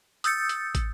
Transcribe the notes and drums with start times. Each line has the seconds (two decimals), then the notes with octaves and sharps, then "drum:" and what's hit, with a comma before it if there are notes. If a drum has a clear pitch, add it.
0.24 D#6 E6 G6 A6 C#7, drum: hi-hat
0.49 drum: hi-hat
0.75 drum: kick, hi-hat